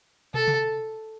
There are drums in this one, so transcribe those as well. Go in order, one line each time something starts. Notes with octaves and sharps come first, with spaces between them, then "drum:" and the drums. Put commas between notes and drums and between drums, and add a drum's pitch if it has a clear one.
A4, drum: tom
drum: tom C3